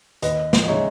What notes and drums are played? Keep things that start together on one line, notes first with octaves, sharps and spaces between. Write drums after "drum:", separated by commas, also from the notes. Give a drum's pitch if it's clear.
D#2 B4 D#5, drum: hi-hat
drum: snare
D#5
C#3 G#3 D#4 C#5 E5